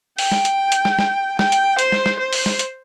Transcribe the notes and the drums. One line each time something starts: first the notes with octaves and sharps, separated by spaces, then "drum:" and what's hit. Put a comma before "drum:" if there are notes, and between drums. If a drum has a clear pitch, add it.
G5, drum: open hi-hat
drum: snare
drum: hi-hat
drum: hi-hat
drum: snare
drum: snare
G5, drum: snare
drum: hi-hat
C5, drum: hi-hat
drum: snare
drum: snare
C5
drum: open hi-hat
drum: snare
drum: hi-hat